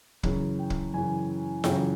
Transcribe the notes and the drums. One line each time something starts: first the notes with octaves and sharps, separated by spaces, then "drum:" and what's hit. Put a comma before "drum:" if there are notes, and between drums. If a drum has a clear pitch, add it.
F#2 C#3 E3, drum: kick
G5
drum: kick
F#2 C#3 E3 G#5
F#2 C#3 E3 G5, drum: snare F4